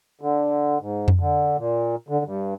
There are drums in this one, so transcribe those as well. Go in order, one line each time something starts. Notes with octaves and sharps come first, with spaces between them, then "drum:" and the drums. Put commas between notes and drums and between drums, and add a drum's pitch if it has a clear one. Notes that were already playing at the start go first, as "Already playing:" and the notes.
D3
G#2
drum: tom F2
D3
A#2
D3
G2